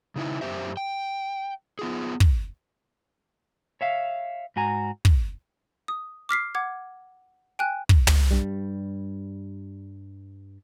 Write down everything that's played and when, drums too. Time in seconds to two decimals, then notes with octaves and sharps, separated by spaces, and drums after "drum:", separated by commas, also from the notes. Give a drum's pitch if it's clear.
0.16 C#3 D#4 E4
0.41 F#2 G4 C5 E5
0.77 G5
1.79 B3 F4 G#4
2.20 drum: kick
3.81 C#5 E5 F5
4.56 G#2 F#4 G#5 A#5
5.05 drum: kick
5.88 D#6
6.29 D6 F6 B6 C7
6.55 F#5 D6 G#6
7.59 G5 G#5 F#6
7.89 drum: kick
8.07 drum: tom
8.31 G2 G3